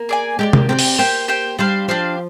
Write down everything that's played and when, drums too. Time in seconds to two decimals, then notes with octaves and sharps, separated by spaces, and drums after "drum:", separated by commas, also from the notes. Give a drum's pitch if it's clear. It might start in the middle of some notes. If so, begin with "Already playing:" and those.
Already playing: A#3
0.09 G#4 D5 G#5
0.39 G#3 G4 A#4 D5
0.53 A#3, drum: tom C3
0.69 C4 G4 A#4 D5
0.79 drum: open hi-hat
0.98 A#3 G4 C5 G5
1.28 G4 C5 G5
1.59 G3 D4 G4 C5 F5
1.88 F3 D4 G4 C5 F5